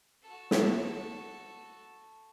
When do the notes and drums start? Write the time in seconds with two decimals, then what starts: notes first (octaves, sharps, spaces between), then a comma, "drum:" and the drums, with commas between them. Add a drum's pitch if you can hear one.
0.23 F#4 A4
0.51 drum: snare